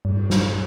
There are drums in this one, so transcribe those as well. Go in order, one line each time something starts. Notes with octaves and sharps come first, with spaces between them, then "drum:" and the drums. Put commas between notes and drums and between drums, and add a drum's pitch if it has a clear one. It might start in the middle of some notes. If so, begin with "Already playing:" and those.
G2, drum: cymbal
drum: snare